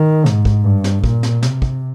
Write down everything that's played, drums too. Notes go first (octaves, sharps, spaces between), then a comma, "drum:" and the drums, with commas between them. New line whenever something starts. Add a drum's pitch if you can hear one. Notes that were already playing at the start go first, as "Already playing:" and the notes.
Already playing: D#3
G#2, drum: snare
drum: kick
G2
drum: snare
A#2, drum: kick
drum: snare
C3, drum: snare
drum: kick